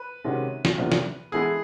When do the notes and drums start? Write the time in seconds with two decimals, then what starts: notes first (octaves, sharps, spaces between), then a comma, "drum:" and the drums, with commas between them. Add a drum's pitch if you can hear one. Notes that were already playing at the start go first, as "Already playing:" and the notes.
Already playing: B4
0.24 C3 D#3 G#3 C#4 F#4
0.65 drum: snare
0.78 E2 C3 F3 A#3 D4
0.92 drum: snare
1.32 E3 G#3 B3 E4 G#4 A4